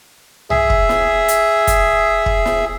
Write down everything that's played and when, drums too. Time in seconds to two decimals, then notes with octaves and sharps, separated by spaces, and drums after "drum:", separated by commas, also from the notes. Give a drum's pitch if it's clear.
0.50 G#4 E5, drum: tom B1
0.70 drum: kick
0.89 drum: snare
1.28 drum: hi-hat
1.67 drum: kick, hi-hat
2.26 drum: kick
2.46 drum: snare